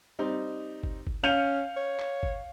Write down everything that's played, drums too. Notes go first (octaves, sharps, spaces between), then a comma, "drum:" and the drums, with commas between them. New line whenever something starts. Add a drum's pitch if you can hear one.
G3 C4 D#4
drum: kick G1
drum: kick G1
C#4 F5 G6 C#7 D#7 F7
C#5
drum: clap
drum: kick G1